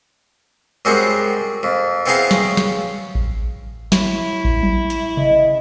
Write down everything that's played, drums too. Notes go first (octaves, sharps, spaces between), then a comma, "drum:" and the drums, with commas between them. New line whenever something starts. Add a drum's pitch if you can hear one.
F#2 G3 G#3 C4 F#5
F2
B3 C4 E4 G#4 D#5 F5
C#3, drum: snare
drum: snare
drum: kick A1
E4 C#5, drum: snare
drum: kick A1
drum: tom F#3
drum: hi-hat
C#3 D#5, drum: tom C3